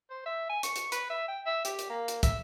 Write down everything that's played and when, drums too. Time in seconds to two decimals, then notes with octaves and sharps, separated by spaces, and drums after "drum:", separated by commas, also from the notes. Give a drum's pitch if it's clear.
0.10 C5
0.26 E5
0.50 G#5
0.63 C#6, drum: hi-hat
0.76 drum: hi-hat
0.92 B4, drum: hi-hat
1.10 E5
1.28 G5
1.46 E5
1.65 G4, drum: hi-hat
1.79 drum: hi-hat
1.90 A#3
2.08 drum: hi-hat
2.23 E5, drum: kick, hi-hat